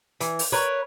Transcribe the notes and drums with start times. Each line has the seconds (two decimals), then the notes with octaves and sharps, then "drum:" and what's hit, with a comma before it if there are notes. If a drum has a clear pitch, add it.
0.21 E3, drum: hi-hat
0.39 drum: open hi-hat
0.52 A#4 B4 C#5